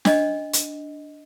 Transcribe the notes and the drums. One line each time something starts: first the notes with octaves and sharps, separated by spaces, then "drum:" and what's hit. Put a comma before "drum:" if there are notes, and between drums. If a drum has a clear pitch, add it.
D4 D#5, drum: snare
drum: hi-hat